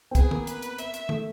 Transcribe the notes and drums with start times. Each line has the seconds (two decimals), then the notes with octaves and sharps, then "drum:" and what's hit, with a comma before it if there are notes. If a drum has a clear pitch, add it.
0.11 C4
0.15 B3 G#4, drum: kick, hi-hat
0.31 A#3, drum: tom
0.47 B4, drum: hi-hat
0.62 drum: hi-hat
0.78 E5, drum: hi-hat
0.94 drum: hi-hat
1.09 A3, drum: tom